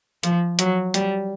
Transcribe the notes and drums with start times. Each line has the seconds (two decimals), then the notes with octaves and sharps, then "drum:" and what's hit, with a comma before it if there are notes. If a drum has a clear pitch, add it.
0.23 F3, drum: hi-hat
0.59 F#3, drum: hi-hat
0.94 G3, drum: hi-hat